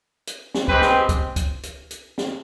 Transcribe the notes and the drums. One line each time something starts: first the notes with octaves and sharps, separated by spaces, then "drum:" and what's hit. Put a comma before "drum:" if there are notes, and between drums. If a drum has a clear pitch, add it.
drum: hi-hat
drum: snare
G#3 C4 G4 B4, drum: kick
drum: snare
drum: kick, hi-hat
drum: kick, hi-hat
drum: hi-hat
drum: hi-hat
drum: snare